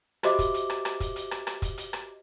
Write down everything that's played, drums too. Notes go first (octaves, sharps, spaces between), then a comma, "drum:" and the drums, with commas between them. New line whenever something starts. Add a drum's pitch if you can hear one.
F#4 G4 C5 D#5 E5 D6, drum: rim click
drum: kick, hi-hat
drum: hi-hat
drum: rim click
drum: rim click
drum: kick, hi-hat
drum: hi-hat
drum: rim click
drum: rim click
drum: kick, hi-hat
drum: hi-hat
drum: rim click